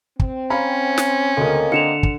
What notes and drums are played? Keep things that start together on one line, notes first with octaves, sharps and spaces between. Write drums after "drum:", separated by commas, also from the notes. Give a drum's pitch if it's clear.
C4, drum: kick
C#4 F5 A#5 B5
drum: snare
D2 C#3 A#3 C4 A4 A#4 D#5
D3 C#7 E7 F7
drum: kick